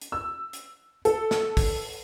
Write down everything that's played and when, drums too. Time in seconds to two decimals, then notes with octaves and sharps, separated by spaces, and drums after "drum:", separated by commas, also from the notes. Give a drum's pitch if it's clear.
0.01 drum: hi-hat
0.12 E6
0.53 drum: hi-hat
1.05 A4, drum: hi-hat
1.31 drum: snare
1.57 drum: kick, open hi-hat